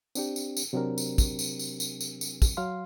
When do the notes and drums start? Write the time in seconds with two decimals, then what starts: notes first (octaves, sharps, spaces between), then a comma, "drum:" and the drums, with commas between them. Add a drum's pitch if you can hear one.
0.15 C4 D4 G4, drum: tambourine
0.36 drum: tambourine
0.57 drum: tambourine
0.73 C3 F#3 C4 D4 G4 A#4
0.98 drum: tambourine
1.18 drum: kick, tambourine
1.39 drum: tambourine
1.59 drum: tambourine
1.80 drum: tambourine
2.01 drum: tambourine
2.21 drum: tambourine
2.42 drum: kick, tambourine
2.57 F#3 F5 C6